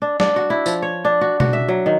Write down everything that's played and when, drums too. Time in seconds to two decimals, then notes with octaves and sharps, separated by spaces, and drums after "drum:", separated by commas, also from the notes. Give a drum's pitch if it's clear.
0.02 D4
0.20 D4, drum: snare
0.36 F#4
0.50 E4
0.66 F3, drum: tambourine
0.82 C#5
1.05 D4
1.21 F#4
1.40 F#4, drum: tom B2
1.53 E5
1.68 F#3
1.86 D#3